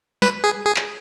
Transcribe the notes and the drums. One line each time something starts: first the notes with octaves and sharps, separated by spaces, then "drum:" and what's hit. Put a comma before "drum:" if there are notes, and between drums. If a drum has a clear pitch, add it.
B4, drum: snare
G#4
G#4
drum: clap